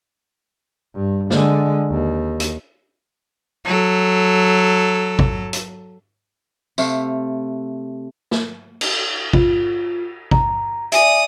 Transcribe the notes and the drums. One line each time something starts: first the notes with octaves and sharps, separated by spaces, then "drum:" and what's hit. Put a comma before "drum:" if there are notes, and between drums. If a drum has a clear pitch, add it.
G2
D3 G#3, drum: snare
D#2
drum: hi-hat
F#3 A4
drum: kick
drum: hi-hat
C3 A3 F5, drum: tambourine
drum: snare
drum: cymbal
F4, drum: kick
A#5, drum: kick
D5 E5 G#5 D#6, drum: hi-hat